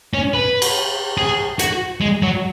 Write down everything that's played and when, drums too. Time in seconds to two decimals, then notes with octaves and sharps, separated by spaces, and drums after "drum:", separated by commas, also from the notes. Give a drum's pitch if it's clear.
0.14 C#4
0.34 B4
0.62 drum: cymbal
1.18 G#4
1.59 F#4, drum: hi-hat
2.01 G#3
2.23 F#3